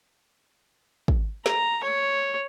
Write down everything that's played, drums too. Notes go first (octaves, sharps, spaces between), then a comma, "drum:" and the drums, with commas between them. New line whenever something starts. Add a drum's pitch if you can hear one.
drum: kick
A#5, drum: snare
C#5